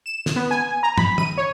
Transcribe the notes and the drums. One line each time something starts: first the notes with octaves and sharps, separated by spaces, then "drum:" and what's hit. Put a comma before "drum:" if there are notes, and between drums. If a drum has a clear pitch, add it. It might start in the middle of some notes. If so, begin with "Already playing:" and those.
E7
drum: snare
B3
G#5
A#5
B5, drum: tom
D#7, drum: tom
C#5